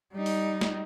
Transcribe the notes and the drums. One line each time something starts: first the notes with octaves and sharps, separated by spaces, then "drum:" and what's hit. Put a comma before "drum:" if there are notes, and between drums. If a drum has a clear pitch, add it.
G3 D#4
drum: open hi-hat
drum: snare